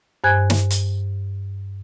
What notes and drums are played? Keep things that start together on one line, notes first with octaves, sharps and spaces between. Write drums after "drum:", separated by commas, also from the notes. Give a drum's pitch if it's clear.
G2 C5 G#5 F#6 G#6
drum: snare
drum: hi-hat